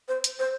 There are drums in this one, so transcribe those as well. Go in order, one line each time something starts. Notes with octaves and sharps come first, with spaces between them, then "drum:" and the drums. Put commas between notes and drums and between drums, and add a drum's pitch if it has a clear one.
C5
drum: hi-hat
C5